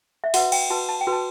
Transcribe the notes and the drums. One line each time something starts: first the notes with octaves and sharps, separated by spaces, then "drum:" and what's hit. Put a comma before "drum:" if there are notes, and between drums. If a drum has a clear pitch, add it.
E5
F#4 B4 F#5, drum: open hi-hat
G5, drum: cymbal
F#4 B4 A5
A5
G5
F#4 B4
A5